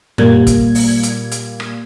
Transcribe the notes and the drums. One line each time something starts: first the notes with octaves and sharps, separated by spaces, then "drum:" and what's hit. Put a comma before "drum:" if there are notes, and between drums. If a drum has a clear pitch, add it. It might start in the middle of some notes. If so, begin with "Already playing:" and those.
A#2 G3 A#3 G#6, drum: tom F#2
drum: kick, hi-hat
drum: open hi-hat
drum: hi-hat
drum: hi-hat
drum: rim click